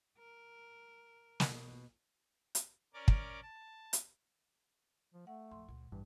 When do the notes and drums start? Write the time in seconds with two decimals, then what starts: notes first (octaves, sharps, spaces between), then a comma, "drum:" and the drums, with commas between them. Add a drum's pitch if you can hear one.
0.18 A#4
1.40 B2, drum: snare
2.55 drum: hi-hat
2.94 C#4 A#4 D5 D6
3.08 drum: kick
3.43 A5
3.93 drum: hi-hat
5.14 F3
5.27 A3 F#5
5.51 A#1 F2 C6
5.69 C#2 A#2
5.92 A1 G2 E3